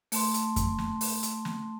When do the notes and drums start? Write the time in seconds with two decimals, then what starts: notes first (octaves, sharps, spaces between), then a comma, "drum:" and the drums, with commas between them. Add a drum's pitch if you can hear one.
0.12 A3 A5 C6, drum: open hi-hat
0.34 drum: hi-hat
0.56 drum: kick F2, hi-hat
0.78 drum: snare
1.01 drum: open hi-hat
1.23 drum: hi-hat
1.45 drum: snare